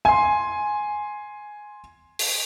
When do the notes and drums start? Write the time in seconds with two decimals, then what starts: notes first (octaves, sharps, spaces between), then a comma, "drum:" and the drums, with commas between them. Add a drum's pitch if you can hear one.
0.05 G#5 C6
2.19 drum: open hi-hat